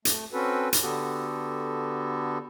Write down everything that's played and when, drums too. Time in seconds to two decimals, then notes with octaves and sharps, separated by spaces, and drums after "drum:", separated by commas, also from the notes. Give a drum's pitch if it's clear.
0.05 A3, drum: hi-hat
0.33 C4 C#4 F#4 A4 B4
0.73 drum: hi-hat
0.82 D3 B3 F#4 G4 A4